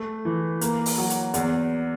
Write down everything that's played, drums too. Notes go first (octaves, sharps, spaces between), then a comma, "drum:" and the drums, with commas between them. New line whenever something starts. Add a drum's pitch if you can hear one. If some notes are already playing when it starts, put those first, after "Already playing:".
Already playing: A3
E3
A#3, drum: hi-hat
drum: open hi-hat
F#3
drum: hi-hat
E2, drum: hi-hat